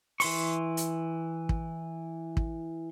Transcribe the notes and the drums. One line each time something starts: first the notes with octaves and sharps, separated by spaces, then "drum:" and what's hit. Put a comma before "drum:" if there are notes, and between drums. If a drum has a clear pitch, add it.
E3 C6 C#6, drum: open hi-hat
drum: hi-hat
drum: kick
drum: kick